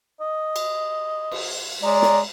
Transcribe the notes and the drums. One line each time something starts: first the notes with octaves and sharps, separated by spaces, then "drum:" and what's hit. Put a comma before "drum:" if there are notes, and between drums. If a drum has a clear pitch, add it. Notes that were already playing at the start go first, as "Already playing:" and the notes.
D#5
drum: cymbal
drum: cymbal
G#3 C#5 D5 A#5
drum: snare